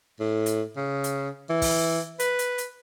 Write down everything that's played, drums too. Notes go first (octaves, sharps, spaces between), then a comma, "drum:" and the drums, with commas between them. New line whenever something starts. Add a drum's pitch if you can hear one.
A2
drum: hi-hat
C#3
drum: hi-hat
E3
drum: kick, open hi-hat
B4, drum: hi-hat
drum: hi-hat
drum: hi-hat